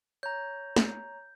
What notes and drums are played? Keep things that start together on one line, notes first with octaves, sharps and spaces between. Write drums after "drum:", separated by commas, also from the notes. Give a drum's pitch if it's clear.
C#5 A#5 G6
drum: snare